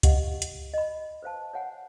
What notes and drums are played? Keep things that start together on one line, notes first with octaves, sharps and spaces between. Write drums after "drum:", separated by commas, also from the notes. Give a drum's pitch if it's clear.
G4 D#5 F5 F#5, drum: kick, hi-hat
drum: hi-hat
D#5 B5
B4 C5 F5 A5
C#5 F5 F#5 G#5